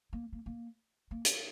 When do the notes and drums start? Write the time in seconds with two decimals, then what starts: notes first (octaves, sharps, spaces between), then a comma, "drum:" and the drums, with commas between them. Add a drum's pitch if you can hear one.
0.13 A#3
0.32 A#3
0.46 A#3
1.11 A#3
1.25 drum: hi-hat